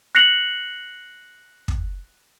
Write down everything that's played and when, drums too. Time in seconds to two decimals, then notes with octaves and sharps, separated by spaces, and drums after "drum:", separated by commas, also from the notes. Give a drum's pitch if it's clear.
0.15 F#6 A#6 C7 C#7 F7 F#7
1.68 drum: kick